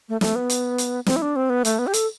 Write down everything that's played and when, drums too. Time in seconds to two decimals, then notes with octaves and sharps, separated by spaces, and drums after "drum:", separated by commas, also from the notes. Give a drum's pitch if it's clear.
0.09 A3
0.21 A3, drum: snare
0.35 B3
0.50 drum: hi-hat
0.78 drum: hi-hat
1.06 C4, drum: snare
1.16 E4
1.22 D4
1.36 C4
1.50 B3
1.65 A3, drum: hi-hat
1.79 B3
1.87 G4
1.94 A4, drum: hi-hat